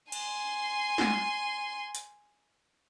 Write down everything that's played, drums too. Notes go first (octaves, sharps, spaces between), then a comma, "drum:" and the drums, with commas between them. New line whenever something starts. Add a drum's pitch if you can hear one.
G#5 C6, drum: cymbal
drum: snare
drum: hi-hat